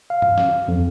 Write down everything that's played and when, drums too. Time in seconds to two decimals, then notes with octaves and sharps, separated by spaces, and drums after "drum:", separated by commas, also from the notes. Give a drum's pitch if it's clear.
0.10 F5
0.22 drum: tom
0.38 drum: snare
0.68 F2